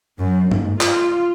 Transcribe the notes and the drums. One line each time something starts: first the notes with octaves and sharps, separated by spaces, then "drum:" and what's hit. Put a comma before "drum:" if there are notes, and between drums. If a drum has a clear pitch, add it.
F#2
G#2, drum: tom G2
F4, drum: clap